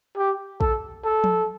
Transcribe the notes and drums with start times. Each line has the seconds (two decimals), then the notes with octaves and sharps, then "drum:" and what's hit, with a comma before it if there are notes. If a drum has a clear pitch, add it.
0.17 G4
0.61 A4, drum: kick
1.05 A4
1.24 drum: tom F3